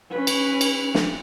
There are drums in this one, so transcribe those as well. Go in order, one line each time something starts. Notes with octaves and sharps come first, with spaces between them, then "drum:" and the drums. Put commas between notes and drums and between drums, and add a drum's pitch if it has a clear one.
C#4 B4
drum: cymbal
drum: cymbal
drum: snare